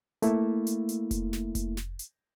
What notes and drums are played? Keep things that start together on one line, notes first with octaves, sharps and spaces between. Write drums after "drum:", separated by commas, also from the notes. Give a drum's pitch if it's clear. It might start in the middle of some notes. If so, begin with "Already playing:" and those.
A3 A#3 E4, drum: hi-hat
drum: hi-hat
drum: hi-hat
drum: kick F1, hi-hat
drum: snare
drum: kick F1, hi-hat
drum: snare
drum: hi-hat